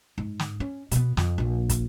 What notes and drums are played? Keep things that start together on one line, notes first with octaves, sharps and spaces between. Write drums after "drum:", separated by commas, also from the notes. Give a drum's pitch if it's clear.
G#2
drum: snare
C#4
B2 B3, drum: hi-hat
F2, drum: snare
A#1 A#3
drum: kick, hi-hat